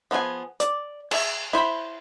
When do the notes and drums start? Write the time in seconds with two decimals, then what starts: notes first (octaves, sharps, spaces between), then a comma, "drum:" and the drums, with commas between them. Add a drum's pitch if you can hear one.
0.11 F3 B3 E4 G#4 G#5
0.60 D5, drum: hi-hat
1.11 G#4 E5, drum: cymbal
1.53 E4 C5 A5 B5